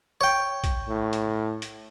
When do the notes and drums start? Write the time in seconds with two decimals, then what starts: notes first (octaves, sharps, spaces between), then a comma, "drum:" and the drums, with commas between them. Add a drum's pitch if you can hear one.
0.21 C#5 G5
0.64 drum: kick A#1, hi-hat
0.88 A2
1.13 drum: hi-hat
1.62 drum: hi-hat